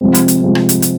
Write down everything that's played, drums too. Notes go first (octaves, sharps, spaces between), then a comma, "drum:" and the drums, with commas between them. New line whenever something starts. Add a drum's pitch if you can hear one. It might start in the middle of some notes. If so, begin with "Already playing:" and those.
C3 F3 G#3 C4
drum: hi-hat
drum: hi-hat
C3 F3 G#3 C4
drum: rim click
drum: hi-hat
drum: hi-hat